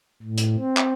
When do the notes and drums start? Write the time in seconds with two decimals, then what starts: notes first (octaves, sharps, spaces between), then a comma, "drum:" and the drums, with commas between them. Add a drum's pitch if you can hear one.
0.22 A2
0.38 drum: hi-hat
0.57 C4
0.77 drum: clap